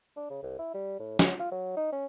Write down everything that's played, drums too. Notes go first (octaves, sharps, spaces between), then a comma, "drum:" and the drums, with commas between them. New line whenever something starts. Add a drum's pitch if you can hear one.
D4
C#3
C2
E4
G3
A2
F#3, drum: snare
F4
F#3
D#4
C#4